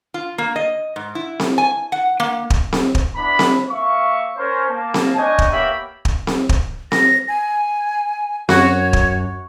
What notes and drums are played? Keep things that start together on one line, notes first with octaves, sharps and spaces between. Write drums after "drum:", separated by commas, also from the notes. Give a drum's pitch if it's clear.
F4
A#3
D#5
G#2
E4
drum: snare C4
G#5
F#5
A#3
drum: kick
drum: snare C4
drum: kick
B3 D4 E4 B5
drum: snare C4
A#3 E5 F5 C#6
C#4 A#4 C5
A#3 A5
drum: snare C4
B3 D4 C#5 D#5 G5 G#5
drum: kick
A#3 B3 G4 C#5 E5 B5
drum: kick
drum: snare C4
drum: kick
A#6, drum: snare C4
G#5
F#2 F#4 C#5, drum: snare C4
drum: kick